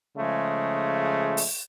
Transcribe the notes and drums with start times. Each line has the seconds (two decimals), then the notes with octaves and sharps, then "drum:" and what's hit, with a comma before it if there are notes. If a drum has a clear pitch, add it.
0.17 C#3 F3 G#3 A3
1.37 drum: open hi-hat